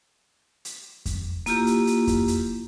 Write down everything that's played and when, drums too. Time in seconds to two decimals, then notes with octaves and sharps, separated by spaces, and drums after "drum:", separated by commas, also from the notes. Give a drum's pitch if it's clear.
0.65 drum: hi-hat
1.06 drum: kick F2, hi-hat
1.46 A#3 E4 F4 G4, drum: hi-hat
1.67 drum: hi-hat
1.87 drum: hi-hat
2.07 drum: kick F2, hi-hat
2.28 drum: hi-hat